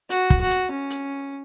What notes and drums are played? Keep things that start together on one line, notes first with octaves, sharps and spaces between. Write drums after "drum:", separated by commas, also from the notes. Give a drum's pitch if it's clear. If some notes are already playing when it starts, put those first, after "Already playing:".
F#4, drum: hi-hat
drum: kick
F#4
drum: hi-hat
C#4
drum: hi-hat